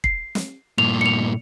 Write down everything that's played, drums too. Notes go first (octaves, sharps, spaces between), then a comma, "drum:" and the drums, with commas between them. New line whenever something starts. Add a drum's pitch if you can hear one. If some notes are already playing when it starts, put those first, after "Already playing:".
C7, drum: kick
drum: snare
G2 A#2 F7
C#7 F7